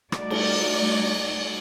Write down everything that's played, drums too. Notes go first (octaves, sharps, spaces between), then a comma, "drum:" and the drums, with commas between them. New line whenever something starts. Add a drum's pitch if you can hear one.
G3 A3 D#4 F#4 D5, drum: rim click
drum: cymbal